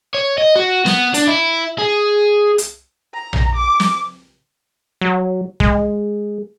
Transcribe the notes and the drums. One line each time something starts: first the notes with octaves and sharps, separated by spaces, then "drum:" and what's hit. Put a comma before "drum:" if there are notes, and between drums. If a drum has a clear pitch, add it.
C#5
D#5
F#4
B3, drum: snare
D4, drum: hi-hat
E4
G#4
drum: hi-hat
A#5
drum: tom A#1
D6
drum: snare
F#3
G#3, drum: kick